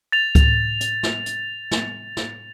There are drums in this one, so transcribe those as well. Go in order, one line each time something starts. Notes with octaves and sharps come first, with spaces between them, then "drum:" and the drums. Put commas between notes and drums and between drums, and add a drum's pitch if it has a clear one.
A6 F7
drum: kick C#2, hi-hat
drum: hi-hat
drum: snare
drum: hi-hat
drum: snare
drum: snare